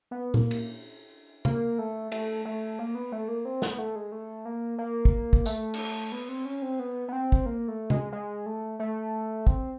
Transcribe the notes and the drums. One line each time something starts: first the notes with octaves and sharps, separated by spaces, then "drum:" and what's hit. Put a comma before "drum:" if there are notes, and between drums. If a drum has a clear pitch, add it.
B3
A#3, drum: tom A#2
drum: cymbal
A#3, drum: tom C3
A3
A3, drum: cymbal
A3
A#3
B3
A3
A#3
C4
B3, drum: snare
A3
G#3
A3
A#3
A#3
drum: kick
drum: kick
A3, drum: tambourine
drum: cymbal
B3
C4
C#4
C4
B3
B3
C4
drum: kick
A#3
A3
G#3, drum: tom C3
G#3
A3
A3
C4, drum: kick